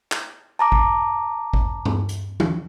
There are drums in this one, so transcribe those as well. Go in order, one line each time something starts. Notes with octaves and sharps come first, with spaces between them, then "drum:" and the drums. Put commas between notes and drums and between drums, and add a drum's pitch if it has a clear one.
drum: clap
A5 A#5 D6
drum: kick G#1
drum: kick G#1
drum: tom G2
drum: hi-hat
drum: tom E3